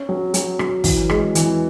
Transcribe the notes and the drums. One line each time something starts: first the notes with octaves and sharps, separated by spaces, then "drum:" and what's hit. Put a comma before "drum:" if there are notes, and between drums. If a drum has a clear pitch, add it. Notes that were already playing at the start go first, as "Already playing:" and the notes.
Already playing: C#4
F#3
F#3, drum: hi-hat
F#3, drum: rim click
E3, drum: kick, open hi-hat
G#3, drum: rim click
E3, drum: hi-hat